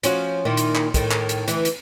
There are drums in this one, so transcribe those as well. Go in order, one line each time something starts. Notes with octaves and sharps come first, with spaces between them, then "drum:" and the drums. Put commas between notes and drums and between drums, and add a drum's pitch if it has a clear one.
F3 C#4 F#4, drum: hi-hat
A#2 D#3 E4
drum: hi-hat
drum: clap
A2 D#3, drum: kick, hi-hat
drum: clap
drum: hi-hat
D2 E3, drum: hi-hat
drum: hi-hat